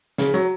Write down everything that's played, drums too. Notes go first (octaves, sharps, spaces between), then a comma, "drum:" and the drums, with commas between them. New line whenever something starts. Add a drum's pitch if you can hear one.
C#3, drum: snare
F#3, drum: hi-hat